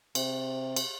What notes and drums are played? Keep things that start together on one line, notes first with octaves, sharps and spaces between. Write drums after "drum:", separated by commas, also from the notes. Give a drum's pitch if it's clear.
C3, drum: cymbal
drum: cymbal